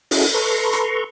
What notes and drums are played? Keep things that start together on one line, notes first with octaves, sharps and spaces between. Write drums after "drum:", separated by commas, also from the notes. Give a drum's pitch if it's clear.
C#4 E4 F#4 G#4 A4 D#5, drum: open hi-hat
A4 B4 A#5 C6 C#6
drum: hi-hat